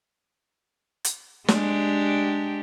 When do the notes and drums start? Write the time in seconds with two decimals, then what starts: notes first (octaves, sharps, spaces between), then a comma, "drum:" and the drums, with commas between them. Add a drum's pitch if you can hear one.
1.05 drum: hi-hat
1.48 G#3 D4 G4, drum: snare